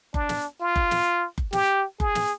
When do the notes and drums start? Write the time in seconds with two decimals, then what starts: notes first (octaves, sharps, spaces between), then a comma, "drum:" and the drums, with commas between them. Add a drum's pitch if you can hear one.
0.14 D4, drum: kick F#1
0.29 drum: snare
0.61 F4
0.76 drum: kick F#1
0.91 drum: snare
1.38 drum: kick F#1
1.53 G4, drum: snare
2.00 G#4, drum: kick F#1
2.15 drum: snare